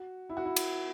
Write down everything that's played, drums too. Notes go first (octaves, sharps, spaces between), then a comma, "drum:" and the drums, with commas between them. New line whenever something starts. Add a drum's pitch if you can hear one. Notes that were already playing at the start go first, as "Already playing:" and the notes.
Already playing: F#4
E4
F#4
E4
drum: cymbal